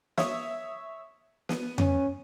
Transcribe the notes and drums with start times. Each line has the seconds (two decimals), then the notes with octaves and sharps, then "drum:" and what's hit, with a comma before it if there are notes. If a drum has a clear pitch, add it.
0.18 C#5 E5 D#6, drum: snare
1.49 B3, drum: snare
1.78 C#4, drum: tom F2